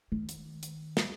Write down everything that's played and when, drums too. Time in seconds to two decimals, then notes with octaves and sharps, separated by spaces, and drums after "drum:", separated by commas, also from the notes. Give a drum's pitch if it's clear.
0.12 D#3
0.29 drum: hi-hat
0.63 drum: hi-hat
0.97 drum: snare